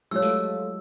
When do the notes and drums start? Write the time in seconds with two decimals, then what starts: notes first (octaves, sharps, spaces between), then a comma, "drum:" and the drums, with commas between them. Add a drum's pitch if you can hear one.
0.11 F#3 G#3 A3 F4 G4 A4 C#5 E6
0.22 drum: tambourine